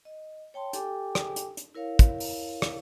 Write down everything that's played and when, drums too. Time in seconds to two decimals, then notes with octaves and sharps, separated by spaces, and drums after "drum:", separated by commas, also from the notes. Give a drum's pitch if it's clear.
0.05 D#5
0.54 C#5 G5 A5 C6
0.73 G4 A4 G5 G#5 D6, drum: hi-hat
1.15 drum: rim click
1.36 drum: hi-hat
1.57 drum: hi-hat
1.74 E4 A#4 C#5 F5
1.99 drum: kick, hi-hat
2.20 drum: open hi-hat
2.62 drum: rim click